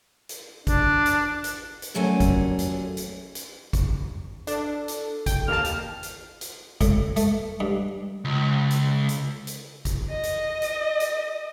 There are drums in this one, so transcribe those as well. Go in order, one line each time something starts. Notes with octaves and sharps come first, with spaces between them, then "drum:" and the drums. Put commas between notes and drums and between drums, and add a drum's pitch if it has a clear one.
drum: hi-hat
D4, drum: kick G#1, hi-hat
drum: hi-hat
drum: hi-hat
drum: hi-hat
D#2 A#2 F#3 A3 C#4 G#5
drum: kick G#1, hi-hat
drum: hi-hat
drum: hi-hat
drum: hi-hat
drum: kick G#1, hi-hat
D4 A4, drum: hi-hat
drum: hi-hat
G5, drum: kick G#1, hi-hat
D#2 A#3 A5 F6
drum: hi-hat
drum: hi-hat
drum: hi-hat
A2, drum: kick G#1, hi-hat
A3, drum: hi-hat
G2
C#2
drum: hi-hat
drum: hi-hat
drum: hi-hat
drum: kick G#1, hi-hat
D#5
drum: hi-hat
drum: hi-hat
drum: hi-hat